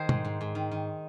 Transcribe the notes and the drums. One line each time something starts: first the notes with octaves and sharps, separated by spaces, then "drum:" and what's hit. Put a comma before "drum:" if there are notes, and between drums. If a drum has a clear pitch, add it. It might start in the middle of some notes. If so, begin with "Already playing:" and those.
Already playing: D#3 G#4 A#4 C5
G#2, drum: tom
G#2
G#2
D#3
D#3